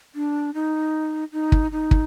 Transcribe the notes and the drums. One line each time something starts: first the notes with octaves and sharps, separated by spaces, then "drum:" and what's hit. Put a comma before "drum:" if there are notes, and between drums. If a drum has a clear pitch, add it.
D4
D#4
D#4
drum: kick
D#4
drum: kick